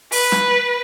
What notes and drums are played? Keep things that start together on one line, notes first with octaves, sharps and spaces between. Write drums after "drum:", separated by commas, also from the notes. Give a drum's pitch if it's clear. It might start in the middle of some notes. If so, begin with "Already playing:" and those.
B4, drum: open hi-hat
drum: snare